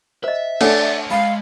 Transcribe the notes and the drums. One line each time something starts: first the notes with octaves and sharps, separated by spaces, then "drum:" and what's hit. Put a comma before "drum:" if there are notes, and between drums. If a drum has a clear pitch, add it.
C5 D#5 E5
A3 D4 A4 C#5 D5 F#5 G#5, drum: cymbal
G#3 F5 B5